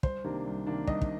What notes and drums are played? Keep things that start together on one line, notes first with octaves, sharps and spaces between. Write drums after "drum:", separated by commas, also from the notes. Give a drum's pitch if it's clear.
C2 C5, drum: kick
C3 D#3 A#3 D4
C2
C3 D#3 A#3 D4
C2 D#5, drum: kick
drum: kick